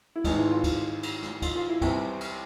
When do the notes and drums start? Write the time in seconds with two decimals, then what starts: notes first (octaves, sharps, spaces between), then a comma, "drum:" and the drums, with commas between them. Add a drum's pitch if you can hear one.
0.16 E4
0.24 G#1 G#2 E3 D#4, drum: kick, cymbal
0.38 E4
0.51 F4
0.64 drum: kick, cymbal
1.03 drum: cymbal
1.23 drum: snare
1.42 F4, drum: kick, cymbal
1.55 F4
1.69 E4
1.81 C2 C3 E3, drum: kick, cymbal
2.21 drum: cymbal